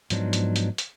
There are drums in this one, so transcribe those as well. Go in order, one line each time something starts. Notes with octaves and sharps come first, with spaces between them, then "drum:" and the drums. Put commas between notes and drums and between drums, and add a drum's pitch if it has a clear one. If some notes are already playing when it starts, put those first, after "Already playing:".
G#2 F3 F#3 B3 D4 D#4, drum: hi-hat
drum: hi-hat
drum: hi-hat
drum: hi-hat